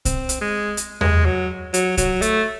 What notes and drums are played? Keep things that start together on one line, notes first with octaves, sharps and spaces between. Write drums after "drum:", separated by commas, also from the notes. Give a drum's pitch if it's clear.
C4, drum: kick B1, hi-hat
drum: hi-hat
G#3
drum: hi-hat
G#3, drum: tom E2
F#3
F#3, drum: hi-hat
F#3, drum: kick B1, hi-hat
A3, drum: hi-hat